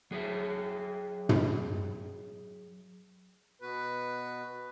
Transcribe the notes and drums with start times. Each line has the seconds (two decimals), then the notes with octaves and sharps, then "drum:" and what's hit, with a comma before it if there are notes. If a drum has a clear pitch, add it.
0.11 F#3 G#4 C#5 E5
1.29 drum: tom
3.62 B2 B3 F#4 B4